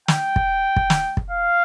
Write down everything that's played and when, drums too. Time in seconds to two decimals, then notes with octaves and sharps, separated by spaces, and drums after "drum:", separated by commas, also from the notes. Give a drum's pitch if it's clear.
0.08 G5, drum: snare
0.36 drum: kick
0.76 drum: kick
0.90 drum: snare
1.17 drum: kick
1.30 F5